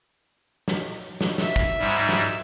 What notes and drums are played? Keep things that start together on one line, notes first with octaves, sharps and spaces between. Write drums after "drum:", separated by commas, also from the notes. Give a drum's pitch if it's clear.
drum: snare
drum: open hi-hat
drum: snare
E5, drum: snare
drum: kick, hi-hat
G#2 G3
drum: hi-hat
drum: snare
drum: hi-hat